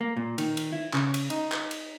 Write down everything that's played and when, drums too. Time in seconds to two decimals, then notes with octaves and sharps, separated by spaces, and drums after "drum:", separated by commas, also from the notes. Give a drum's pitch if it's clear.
0.01 A#3
0.17 A#2
0.38 D#3, drum: cymbal
0.57 drum: cymbal
0.72 E4
0.93 C#3, drum: clap
1.14 drum: cymbal
1.30 D#4, drum: cymbal
1.52 drum: clap
1.71 drum: cymbal